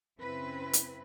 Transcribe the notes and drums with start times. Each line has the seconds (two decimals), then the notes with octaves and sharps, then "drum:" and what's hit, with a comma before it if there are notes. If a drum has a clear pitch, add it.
0.18 F#2 C#3 C4 E4 B4
0.73 drum: hi-hat